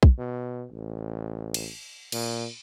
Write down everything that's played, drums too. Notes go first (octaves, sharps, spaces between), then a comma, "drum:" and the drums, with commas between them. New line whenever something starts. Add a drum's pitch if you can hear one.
drum: kick
B2
A1
drum: cymbal
A#2, drum: cymbal